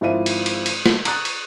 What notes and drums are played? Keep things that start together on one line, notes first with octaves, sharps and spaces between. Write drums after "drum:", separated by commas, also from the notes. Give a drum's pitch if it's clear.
G#1 F3 E4 E5 F5 D#7
drum: cymbal
drum: cymbal
drum: cymbal
drum: snare
A#5 C#6 D#6 F#6 A6, drum: cymbal
drum: cymbal